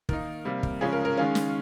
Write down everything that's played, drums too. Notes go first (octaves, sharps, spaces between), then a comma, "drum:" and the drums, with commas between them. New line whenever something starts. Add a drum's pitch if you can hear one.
D#3 A#3 D#4 A#4, drum: kick
C3 G3 A#3
drum: kick
C#3 F3 G#3 C#4 G#4
A#4
A#4
D#3 G#3 C#4 F5
drum: snare